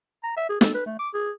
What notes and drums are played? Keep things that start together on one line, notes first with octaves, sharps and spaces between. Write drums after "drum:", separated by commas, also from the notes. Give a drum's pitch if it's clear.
A#5
E5
G#4
A4, drum: snare
B4
A3
D6
G#4